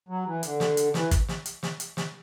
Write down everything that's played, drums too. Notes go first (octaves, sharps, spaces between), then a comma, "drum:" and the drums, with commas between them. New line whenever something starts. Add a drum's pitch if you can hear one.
F#3
E3
D3, drum: hi-hat
drum: snare
drum: hi-hat
E3, drum: snare
drum: kick, hi-hat
drum: snare
drum: hi-hat
drum: snare
drum: hi-hat
drum: snare